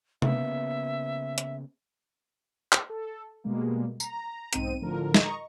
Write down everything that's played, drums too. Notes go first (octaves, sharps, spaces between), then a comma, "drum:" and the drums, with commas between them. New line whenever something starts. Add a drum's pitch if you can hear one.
C#3 A#3 B3 E5, drum: tom C3
drum: hi-hat
drum: clap
A4
B2 G3 G#3 A#3
A#5, drum: tambourine
B1 G#2 C4 D#4 D#7, drum: hi-hat
A2 D3 F3 A#4
D#5 A#5 C#6, drum: snare